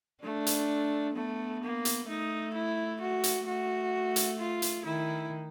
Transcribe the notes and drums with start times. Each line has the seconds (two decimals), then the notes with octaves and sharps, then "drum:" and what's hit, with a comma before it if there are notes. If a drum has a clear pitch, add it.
0.23 A3 D4
0.47 drum: hi-hat
1.16 A3 B3
1.63 A#3
1.85 drum: hi-hat
2.08 A3 D#4
2.54 E4
3.01 F#4
3.24 drum: hi-hat
3.46 A3 F#4
4.16 drum: hi-hat
4.39 F4
4.62 drum: hi-hat
4.85 D#3 E4